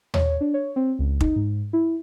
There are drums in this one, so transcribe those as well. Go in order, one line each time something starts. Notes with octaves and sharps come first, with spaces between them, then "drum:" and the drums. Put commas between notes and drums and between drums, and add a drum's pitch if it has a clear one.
C#5, drum: tom D#2
D4
C#5
C4
C#2
D#4, drum: kick
G#2
E4